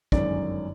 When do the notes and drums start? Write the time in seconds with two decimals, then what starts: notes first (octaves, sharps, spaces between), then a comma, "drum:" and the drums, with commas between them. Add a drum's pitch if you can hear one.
0.12 G1 F#2 D#3 G#3 C#4 D5, drum: kick